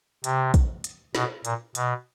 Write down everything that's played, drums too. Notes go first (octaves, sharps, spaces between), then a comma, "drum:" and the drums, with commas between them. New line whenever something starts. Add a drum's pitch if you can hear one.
C3, drum: hi-hat
drum: kick, hi-hat
drum: hi-hat
B2, drum: snare
A#2, drum: hi-hat
B2, drum: hi-hat